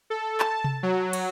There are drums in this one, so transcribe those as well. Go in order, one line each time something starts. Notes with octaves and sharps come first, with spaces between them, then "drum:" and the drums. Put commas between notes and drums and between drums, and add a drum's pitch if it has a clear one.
A4
A5, drum: clap
drum: tom C3
F#3
drum: cymbal